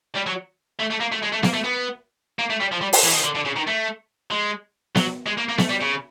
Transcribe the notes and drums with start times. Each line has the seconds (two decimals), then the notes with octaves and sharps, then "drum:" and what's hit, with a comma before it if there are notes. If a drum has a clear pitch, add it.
0.15 G3
0.26 F#3
0.80 A3
0.91 A3
1.01 A#3
1.12 A3
1.23 G#3
1.32 A3
1.43 A#3, drum: snare B3
1.54 A3
1.64 B3
2.39 A#3
2.50 A3
2.60 G3
2.72 F3
2.81 G3
2.93 drum: open hi-hat
3.04 E3
3.13 D#3
3.24 D3
3.35 D3
3.45 C#3
3.56 D#3
3.67 A3
4.31 G#3
4.95 F#3, drum: snare B3
5.26 G#3
5.38 A#3
5.49 A#3
5.58 A3, drum: snare B3
5.69 G3
5.81 C#3